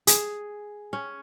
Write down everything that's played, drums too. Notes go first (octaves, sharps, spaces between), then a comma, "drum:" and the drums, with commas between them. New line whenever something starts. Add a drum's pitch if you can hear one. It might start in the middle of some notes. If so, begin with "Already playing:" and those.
G#4, drum: hi-hat
C#4